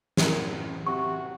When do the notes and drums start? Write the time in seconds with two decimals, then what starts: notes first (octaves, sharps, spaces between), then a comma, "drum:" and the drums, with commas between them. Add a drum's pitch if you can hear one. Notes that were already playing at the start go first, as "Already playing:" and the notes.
0.17 A2 A#4, drum: snare
0.87 C3 F#4 C#6